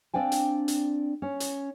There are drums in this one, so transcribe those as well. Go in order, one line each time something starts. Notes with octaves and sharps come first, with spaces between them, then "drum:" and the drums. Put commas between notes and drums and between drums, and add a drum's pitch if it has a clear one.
C4 D4 D5 F5 G5 G#5
drum: hi-hat
drum: hi-hat
C#4
drum: hi-hat